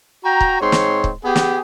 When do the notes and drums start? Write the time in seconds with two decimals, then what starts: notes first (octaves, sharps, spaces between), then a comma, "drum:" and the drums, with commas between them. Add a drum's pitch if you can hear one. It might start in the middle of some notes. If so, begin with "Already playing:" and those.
0.25 F#4 G5 A#5
0.41 drum: kick
0.60 G#2 C4 C#5 C6
0.72 drum: snare
1.04 drum: kick
1.25 B3 G4 G#4
1.35 drum: snare